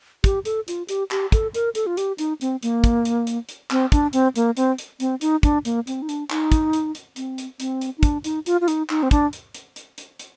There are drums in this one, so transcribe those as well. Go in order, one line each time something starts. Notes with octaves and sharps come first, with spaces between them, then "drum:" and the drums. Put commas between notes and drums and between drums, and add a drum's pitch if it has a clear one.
G4, drum: kick, hi-hat
A4, drum: hi-hat
F4, drum: hi-hat
G4, drum: hi-hat
G4, drum: clap
A4, drum: kick, hi-hat
A#4, drum: hi-hat
A4, drum: hi-hat
F4
G4, drum: hi-hat
D#4, drum: hi-hat
C4, drum: hi-hat
A#3, drum: hi-hat
drum: kick, hi-hat
drum: hi-hat
drum: hi-hat
drum: hi-hat
C4, drum: clap
D4, drum: kick, hi-hat
C4, drum: hi-hat
A#3, drum: hi-hat
C4, drum: hi-hat
drum: hi-hat
C4, drum: hi-hat
D#4, drum: hi-hat
D4, drum: kick, hi-hat
A#3, drum: hi-hat
C4, drum: hi-hat
D#4
D4, drum: hi-hat
D#4, drum: clap
drum: kick, hi-hat
drum: hi-hat
drum: hi-hat
C4, drum: hi-hat
drum: hi-hat
C4, drum: hi-hat
drum: hi-hat
D#4
D4, drum: kick, hi-hat
D#4, drum: hi-hat
F4, drum: hi-hat
F4
D#4, drum: hi-hat
D#4, drum: clap
C4
D4, drum: kick, hi-hat
drum: hi-hat
drum: hi-hat
drum: hi-hat
drum: hi-hat
drum: hi-hat